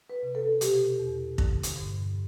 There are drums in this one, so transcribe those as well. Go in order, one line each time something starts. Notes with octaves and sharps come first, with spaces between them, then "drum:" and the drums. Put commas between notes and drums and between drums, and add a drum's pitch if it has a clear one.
B4
C3
A4
B2 G4, drum: hi-hat
E2
D3, drum: kick
drum: hi-hat
G2